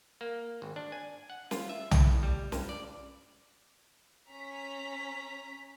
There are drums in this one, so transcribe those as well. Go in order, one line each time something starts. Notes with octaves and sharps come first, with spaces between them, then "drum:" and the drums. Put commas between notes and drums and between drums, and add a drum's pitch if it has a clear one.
A#3
G#1
D4
G#5
F#5
F4, drum: snare
E5
A2, drum: tom
G3
G2, drum: snare
D5
C#4 A#5 B6